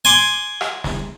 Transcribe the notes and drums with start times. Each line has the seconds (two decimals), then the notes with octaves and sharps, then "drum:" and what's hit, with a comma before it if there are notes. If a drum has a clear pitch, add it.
0.05 G#5 C6 D6
0.61 drum: rim click
0.84 drum: snare